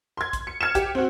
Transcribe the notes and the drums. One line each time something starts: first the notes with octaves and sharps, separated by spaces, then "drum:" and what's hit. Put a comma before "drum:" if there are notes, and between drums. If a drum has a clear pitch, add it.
C6 G#6
drum: kick, hi-hat
C#7
F6 G#6 C#7 E7
G4, drum: kick, hi-hat
C4 F#4